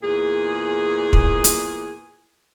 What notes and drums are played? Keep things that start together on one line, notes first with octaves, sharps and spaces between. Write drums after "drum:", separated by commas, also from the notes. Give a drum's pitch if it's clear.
E2 A#2 G#4
drum: kick
drum: hi-hat